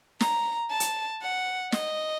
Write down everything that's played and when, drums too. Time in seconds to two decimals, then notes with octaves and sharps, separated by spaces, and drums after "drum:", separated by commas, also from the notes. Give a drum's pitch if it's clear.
0.21 A#5, drum: snare
0.71 A5
0.80 drum: hi-hat
1.22 F#5
1.72 D#5, drum: snare